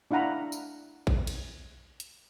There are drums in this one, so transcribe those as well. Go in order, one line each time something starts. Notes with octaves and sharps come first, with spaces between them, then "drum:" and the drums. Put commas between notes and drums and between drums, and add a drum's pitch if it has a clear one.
D4 E4 F5 F#5 A#5 B5
drum: tambourine
drum: kick A#1
drum: cymbal
drum: hi-hat